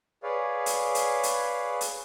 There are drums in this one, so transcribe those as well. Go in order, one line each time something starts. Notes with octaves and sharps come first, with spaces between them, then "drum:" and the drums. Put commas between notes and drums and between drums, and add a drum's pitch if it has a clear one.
G#4 B4 C#5 D5 F5
drum: hi-hat
drum: hi-hat
drum: hi-hat
drum: hi-hat